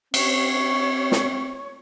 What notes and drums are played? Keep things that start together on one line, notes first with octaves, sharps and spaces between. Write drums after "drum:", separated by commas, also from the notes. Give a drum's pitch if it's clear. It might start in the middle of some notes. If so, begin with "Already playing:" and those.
C4 C#5 C#6, drum: cymbal
drum: snare